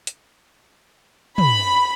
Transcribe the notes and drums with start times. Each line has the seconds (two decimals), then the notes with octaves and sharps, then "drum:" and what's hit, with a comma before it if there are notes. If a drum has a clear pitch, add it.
0.07 drum: hi-hat
1.38 B5, drum: tom